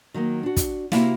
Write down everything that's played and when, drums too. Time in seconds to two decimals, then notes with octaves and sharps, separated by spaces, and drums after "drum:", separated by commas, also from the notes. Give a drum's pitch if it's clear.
0.14 D#3 F#3 A3 A#3
0.43 D4 F#4
0.57 drum: kick, hi-hat
0.92 C3 A#3 E4 F#4 F5, drum: snare